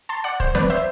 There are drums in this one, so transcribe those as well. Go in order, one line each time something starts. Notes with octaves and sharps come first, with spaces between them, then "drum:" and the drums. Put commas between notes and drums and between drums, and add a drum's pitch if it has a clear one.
A5 C6
D5 F#5
C5, drum: kick
B4 D5, drum: snare
C5 E5